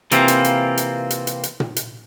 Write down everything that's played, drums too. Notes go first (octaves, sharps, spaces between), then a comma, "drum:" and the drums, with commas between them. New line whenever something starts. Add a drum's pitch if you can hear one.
C3 E3 A#3 C4 F4 A#4, drum: hi-hat
drum: hi-hat
drum: hi-hat
drum: hi-hat
drum: hi-hat
drum: hi-hat
drum: hi-hat
drum: tom A#2
drum: hi-hat